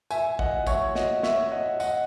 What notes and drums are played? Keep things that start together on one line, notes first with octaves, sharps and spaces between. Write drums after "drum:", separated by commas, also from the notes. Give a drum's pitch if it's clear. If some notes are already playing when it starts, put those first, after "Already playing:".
E5 G#5, drum: tambourine
D#5 F#5, drum: kick A1
C#5 E5, drum: kick A1, tambourine
D#5 F#5, drum: snare
C#5 E5, drum: snare
D#5 F#5
D#5 F#5, drum: tambourine